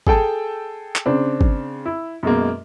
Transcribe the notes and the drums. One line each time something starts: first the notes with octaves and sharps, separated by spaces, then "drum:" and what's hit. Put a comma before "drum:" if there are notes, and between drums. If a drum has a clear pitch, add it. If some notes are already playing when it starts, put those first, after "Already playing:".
G#4 A4 G5 A5, drum: kick
drum: clap
C#3 C4 D4
drum: kick
E4
F#2 B2 G#3 A#3